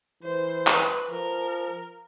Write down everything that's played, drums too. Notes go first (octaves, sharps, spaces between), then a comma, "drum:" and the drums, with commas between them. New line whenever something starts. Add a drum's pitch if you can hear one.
E3 C5
B4, drum: clap
F3 A#4